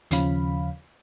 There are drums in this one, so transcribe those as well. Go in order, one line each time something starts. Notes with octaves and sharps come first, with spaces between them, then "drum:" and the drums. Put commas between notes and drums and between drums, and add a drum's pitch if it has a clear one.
D#2 C#3 F3 C#4 F5 B5, drum: hi-hat